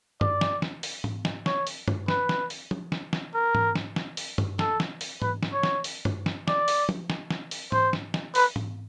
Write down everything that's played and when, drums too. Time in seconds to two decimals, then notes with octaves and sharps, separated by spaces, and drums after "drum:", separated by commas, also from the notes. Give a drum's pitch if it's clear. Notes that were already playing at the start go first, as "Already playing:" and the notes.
0.21 D5, drum: tom
0.41 drum: snare
0.62 drum: snare
0.83 drum: open hi-hat
1.04 drum: tom G#2
1.25 drum: snare
1.46 C#5, drum: snare
1.67 drum: open hi-hat
1.88 drum: tom
2.08 B4, drum: snare
2.29 drum: snare
2.50 drum: open hi-hat
2.71 drum: tom F3
2.92 drum: snare
3.13 drum: snare
3.34 A#4
3.55 drum: tom G#2
3.75 drum: snare
3.96 drum: snare
4.17 drum: open hi-hat
4.38 drum: tom
4.59 A4, drum: snare
4.80 drum: snare
5.01 drum: open hi-hat
5.22 B4, drum: tom G#2
5.43 drum: snare
5.53 C#5
5.63 drum: snare
5.84 drum: open hi-hat
6.05 drum: tom
6.26 drum: snare
6.48 D5, drum: snare
6.68 drum: open hi-hat
6.89 drum: tom F3
7.10 drum: snare
7.31 drum: snare
7.51 drum: open hi-hat
7.72 C5, drum: tom G#2
7.93 drum: snare
8.14 drum: snare
8.35 B4, drum: open hi-hat
8.56 drum: tom G#2